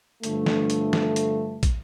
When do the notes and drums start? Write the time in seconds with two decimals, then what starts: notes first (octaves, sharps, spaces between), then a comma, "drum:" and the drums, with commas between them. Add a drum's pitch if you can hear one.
0.23 G2 D3 F3 A3, drum: hi-hat
0.46 drum: snare E3
0.70 drum: hi-hat
0.93 drum: snare E3
1.16 drum: hi-hat
1.63 drum: kick, hi-hat